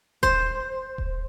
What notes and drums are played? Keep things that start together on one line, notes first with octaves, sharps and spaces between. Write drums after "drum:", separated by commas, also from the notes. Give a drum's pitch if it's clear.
C5, drum: kick D#1
drum: kick D#1